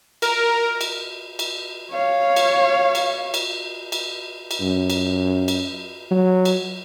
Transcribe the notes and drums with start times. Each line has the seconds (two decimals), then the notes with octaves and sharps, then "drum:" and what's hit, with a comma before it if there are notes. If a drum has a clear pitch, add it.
0.22 A#4, drum: cymbal
0.81 drum: cymbal
1.39 drum: cymbal
1.92 C#5 F5
2.36 drum: cymbal
2.95 drum: cymbal
3.34 drum: cymbal
3.92 drum: cymbal
4.51 drum: cymbal
4.61 F#2
4.90 drum: cymbal
5.48 drum: cymbal
6.11 F#3
6.45 drum: cymbal